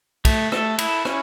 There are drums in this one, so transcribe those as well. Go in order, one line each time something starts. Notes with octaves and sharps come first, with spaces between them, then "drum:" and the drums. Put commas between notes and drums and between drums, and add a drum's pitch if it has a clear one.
A3, drum: kick, cymbal
A4, drum: rim click
E4, drum: cymbal
C#4, drum: rim click